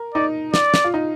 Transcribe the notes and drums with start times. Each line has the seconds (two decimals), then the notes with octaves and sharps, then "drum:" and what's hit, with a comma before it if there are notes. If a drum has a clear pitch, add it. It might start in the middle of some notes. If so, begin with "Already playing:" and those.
Already playing: A#4
0.15 D#4 D5
0.54 D5, drum: snare
0.74 drum: snare
0.84 F4
0.94 D#4